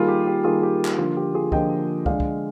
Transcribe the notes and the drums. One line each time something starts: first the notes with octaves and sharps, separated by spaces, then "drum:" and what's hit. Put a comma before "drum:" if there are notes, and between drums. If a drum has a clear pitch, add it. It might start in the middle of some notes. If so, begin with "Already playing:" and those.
Already playing: D#3 G3 A#3 F4 G#4
G4
G4
D#3 G3 A#3 F4 G#4
G4
drum: clap
D3 F3 A#3 F4
G4
F4 G#4
D3 F3 A#3 D#5 G5, drum: kick
D3 G#3 D5 F5, drum: kick
drum: kick